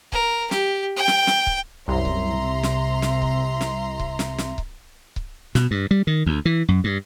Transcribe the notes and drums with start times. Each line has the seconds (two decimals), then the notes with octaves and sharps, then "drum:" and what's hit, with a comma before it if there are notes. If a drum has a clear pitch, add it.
0.12 A#4, drum: kick C#1
0.51 G4, drum: snare
0.97 G5
1.08 drum: snare
1.27 drum: snare
1.47 drum: kick C#1
1.88 C2 F#2 E5 A#5 C6
2.05 drum: kick C#1
2.39 C3
2.63 drum: snare
3.02 drum: snare
3.22 drum: kick C#1
3.61 drum: snare
4.00 drum: kick C#1
4.19 drum: snare
4.38 drum: snare
4.58 drum: kick C#1
5.16 drum: kick C#1
5.55 B2, drum: snare
5.71 G2
5.91 G3
6.07 D#3
6.26 D2
6.45 E3
6.68 F#2
6.84 G2